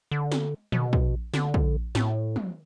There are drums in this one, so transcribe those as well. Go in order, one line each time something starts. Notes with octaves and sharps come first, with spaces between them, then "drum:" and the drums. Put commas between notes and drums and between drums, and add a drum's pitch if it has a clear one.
D3
drum: snare
B2, drum: tom
drum: kick
D3, drum: snare
drum: kick
A2, drum: snare
drum: tom